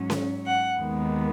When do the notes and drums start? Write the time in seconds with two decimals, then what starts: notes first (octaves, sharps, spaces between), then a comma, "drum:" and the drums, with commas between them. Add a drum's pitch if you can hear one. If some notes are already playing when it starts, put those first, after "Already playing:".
Already playing: G#2 F#3 C#4
0.10 drum: snare C#4
0.46 F#5
0.80 D#2 D#3 G#3 B3